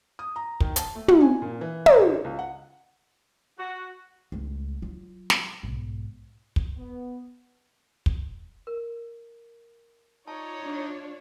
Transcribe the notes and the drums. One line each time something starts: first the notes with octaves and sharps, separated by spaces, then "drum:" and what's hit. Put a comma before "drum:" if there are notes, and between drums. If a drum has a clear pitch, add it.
D#6
A#5
D#3, drum: kick
A5, drum: hi-hat
A3
drum: tom
G#5
A#2
E3
A#5, drum: tom
A1
C#2
F#5
F#4
C#2 A3
F#3 F4
drum: snare
B1 G#2
drum: kick
B3
drum: kick
A#4
D#4 F4 C#5 D5 A5
D4